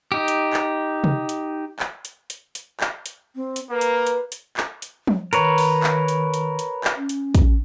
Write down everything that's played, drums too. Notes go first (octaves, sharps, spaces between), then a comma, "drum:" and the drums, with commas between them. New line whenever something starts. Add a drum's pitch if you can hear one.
D#4 G4
drum: hi-hat
drum: clap
drum: tom C3
drum: hi-hat
drum: clap
drum: hi-hat
drum: hi-hat
drum: hi-hat
drum: clap
drum: hi-hat
C4
drum: hi-hat
A#3 B4
drum: hi-hat
drum: hi-hat
drum: hi-hat
drum: clap
drum: hi-hat
drum: tom F3
D#3 A#4 B4 C#5, drum: hi-hat
drum: open hi-hat
drum: clap
drum: hi-hat
drum: hi-hat
drum: hi-hat
drum: clap
C#4
drum: hi-hat
drum: kick, hi-hat